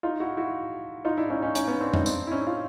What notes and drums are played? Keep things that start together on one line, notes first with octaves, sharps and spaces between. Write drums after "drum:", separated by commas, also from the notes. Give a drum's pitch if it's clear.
D#4 F4
E4 F#4
E4 F#4
D#4 F4
D4 E4
C#4 D#4
C#4 D#4
C#4 D#4, drum: hi-hat
B3 C#4
C4 D4
C#4 D#4, drum: tom F2
C4 D4, drum: tambourine
E4
C#4 D#4
F4